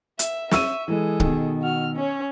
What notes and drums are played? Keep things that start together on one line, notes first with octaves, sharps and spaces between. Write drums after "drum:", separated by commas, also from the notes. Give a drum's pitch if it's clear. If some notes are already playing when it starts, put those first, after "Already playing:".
E5, drum: hi-hat
E5 C#6 E6 D#7, drum: snare
E3 G#3 G#4 A4
B2 D#3, drum: kick
F#4 F6
C#4 C#5